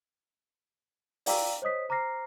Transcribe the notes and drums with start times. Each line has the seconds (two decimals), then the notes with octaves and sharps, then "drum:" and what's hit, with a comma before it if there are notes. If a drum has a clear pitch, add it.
1.26 D5 F5 G5 A#5 D6 E6, drum: open hi-hat
1.62 C5 C#5 D#5 D#6 B6
1.89 C5 A#5 D6 F6 A#6 C7